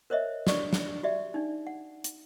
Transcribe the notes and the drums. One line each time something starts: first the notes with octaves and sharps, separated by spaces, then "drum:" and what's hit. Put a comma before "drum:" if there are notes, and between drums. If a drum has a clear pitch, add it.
A#4 C5 C#5 D#5 E5
F#4 D5 C#6, drum: snare
drum: snare
F#4 G4 D5 E5
D4 D#4
F#5
drum: hi-hat